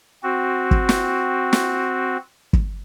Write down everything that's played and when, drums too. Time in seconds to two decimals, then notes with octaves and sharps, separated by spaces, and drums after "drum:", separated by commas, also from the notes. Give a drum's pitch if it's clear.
0.23 C4 F#4
0.71 drum: kick
0.89 drum: snare
1.53 drum: snare
2.53 drum: kick